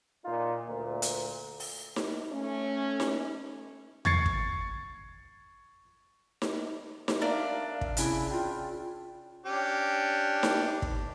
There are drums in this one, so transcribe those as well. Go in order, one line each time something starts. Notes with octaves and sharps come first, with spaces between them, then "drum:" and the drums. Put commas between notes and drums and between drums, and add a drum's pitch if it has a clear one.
A#2 D#4 F4
D2 A#2
drum: hi-hat
drum: open hi-hat
drum: snare D#4
A3 C#4
drum: snare D#4
C#6 G#6 A6 C7 C#7, drum: tom E2
drum: kick
drum: snare D#4
drum: snare D#4
D4 A#4 D5 E5 F5 A#5
drum: kick
C3 C#4 E4 G#4 G#5 B5, drum: hi-hat
F4 G5
C#4 D4 G4
drum: snare D#4
drum: kick